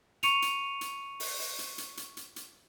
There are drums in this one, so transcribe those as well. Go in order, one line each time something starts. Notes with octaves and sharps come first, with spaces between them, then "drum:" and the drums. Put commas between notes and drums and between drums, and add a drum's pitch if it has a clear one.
C#6 C#7 D#7 F7, drum: hi-hat
drum: hi-hat
drum: hi-hat
drum: open hi-hat
drum: open hi-hat
drum: hi-hat
drum: hi-hat
drum: hi-hat
drum: hi-hat
drum: hi-hat